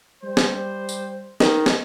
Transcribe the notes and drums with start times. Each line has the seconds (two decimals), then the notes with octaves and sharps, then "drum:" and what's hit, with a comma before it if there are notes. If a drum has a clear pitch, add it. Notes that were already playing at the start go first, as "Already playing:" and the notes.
0.24 G3 C5
0.37 drum: snare
0.89 drum: tambourine
1.40 D#3, drum: snare
1.66 drum: snare